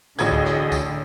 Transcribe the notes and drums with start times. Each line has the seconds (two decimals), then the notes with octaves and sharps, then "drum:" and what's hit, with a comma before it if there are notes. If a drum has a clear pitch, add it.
0.19 A1 D3 F#4 G#4 D#5 G#6, drum: tambourine
0.32 drum: kick C#2
0.45 drum: snare
0.72 drum: kick C#2, tambourine